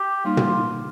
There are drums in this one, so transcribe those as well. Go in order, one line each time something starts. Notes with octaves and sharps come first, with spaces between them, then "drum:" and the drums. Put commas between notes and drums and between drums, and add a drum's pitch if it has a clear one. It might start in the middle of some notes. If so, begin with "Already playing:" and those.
Already playing: G4
G3 A#3 D#4 F4
drum: tom